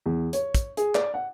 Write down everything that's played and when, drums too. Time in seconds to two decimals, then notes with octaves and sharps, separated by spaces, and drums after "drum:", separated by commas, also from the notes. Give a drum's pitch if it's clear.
0.06 E2
0.33 C#5, drum: hi-hat
0.55 drum: kick, hi-hat
0.77 G#4, drum: hi-hat
0.95 D5, drum: clap
1.14 F#5